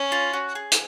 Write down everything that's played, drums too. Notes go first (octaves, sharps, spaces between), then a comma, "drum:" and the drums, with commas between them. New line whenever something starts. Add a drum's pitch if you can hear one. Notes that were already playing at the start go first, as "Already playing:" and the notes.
Already playing: C#4
F4
F#4
G#4
drum: hi-hat